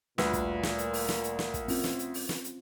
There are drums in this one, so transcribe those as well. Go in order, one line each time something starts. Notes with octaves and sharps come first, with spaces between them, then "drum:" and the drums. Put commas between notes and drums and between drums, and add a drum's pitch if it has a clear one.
D2 A#2 G3 B4, drum: snare
drum: kick, hi-hat
drum: snare
drum: hi-hat
drum: open hi-hat
drum: snare
drum: hi-hat
drum: snare
drum: kick, hi-hat
C4 C#4 F4, drum: open hi-hat
drum: snare
drum: hi-hat
drum: open hi-hat
drum: snare
drum: hi-hat